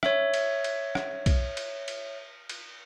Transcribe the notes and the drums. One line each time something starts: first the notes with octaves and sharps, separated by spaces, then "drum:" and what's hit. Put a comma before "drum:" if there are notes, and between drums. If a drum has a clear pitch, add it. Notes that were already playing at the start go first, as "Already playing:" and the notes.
C#5 E5, drum: rim click
drum: cymbal
drum: cymbal
drum: rim click
drum: kick B1, cymbal
drum: cymbal
drum: cymbal
drum: cymbal